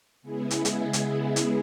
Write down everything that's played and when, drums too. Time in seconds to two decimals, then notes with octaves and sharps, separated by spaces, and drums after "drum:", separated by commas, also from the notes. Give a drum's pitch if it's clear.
0.22 C#3 G#3 B3 E4 G#4
0.51 drum: hi-hat
0.65 drum: hi-hat
0.93 drum: hi-hat
1.36 drum: hi-hat